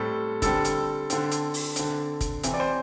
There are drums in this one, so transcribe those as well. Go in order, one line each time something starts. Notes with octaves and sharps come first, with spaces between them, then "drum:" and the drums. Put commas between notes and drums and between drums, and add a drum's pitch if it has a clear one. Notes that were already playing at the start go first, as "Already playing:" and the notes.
Already playing: A2 G3 C4 A4
D3 G3 C4 A4, drum: kick, hi-hat
drum: hi-hat
D3 C4, drum: hi-hat
drum: hi-hat
drum: open hi-hat
D3 C4, drum: hi-hat
drum: kick, hi-hat
C3 E3 C4, drum: hi-hat
D5
C5